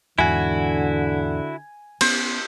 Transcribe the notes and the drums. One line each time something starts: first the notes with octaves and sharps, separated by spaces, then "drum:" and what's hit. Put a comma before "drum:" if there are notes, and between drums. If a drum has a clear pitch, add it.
E2 G#2 D3 E4 F#4 G#5
B3 C#4 C5, drum: cymbal